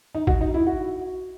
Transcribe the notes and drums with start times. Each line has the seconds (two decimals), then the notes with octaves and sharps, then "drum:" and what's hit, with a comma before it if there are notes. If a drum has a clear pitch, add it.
0.15 D#4
0.27 F#4, drum: kick A1
0.41 D#4
0.54 E4
0.66 F#4